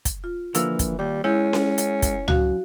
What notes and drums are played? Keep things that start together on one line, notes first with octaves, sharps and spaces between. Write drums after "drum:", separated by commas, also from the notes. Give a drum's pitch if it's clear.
drum: kick, hi-hat
F4
D3 E3 F3 A#3 E6, drum: hi-hat
drum: kick, hi-hat
D#2 G3
G#3 C#4 E4 G6
drum: snare C#4
drum: hi-hat
drum: kick, hi-hat
F#2 F#4 F5, drum: tom C#2